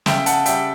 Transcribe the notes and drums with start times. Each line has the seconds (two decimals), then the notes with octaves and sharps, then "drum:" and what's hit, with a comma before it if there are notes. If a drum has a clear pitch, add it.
0.06 C#3 E5 G5, drum: snare
0.26 F#5 A5, drum: hi-hat
0.46 G3 E5 G5, drum: hi-hat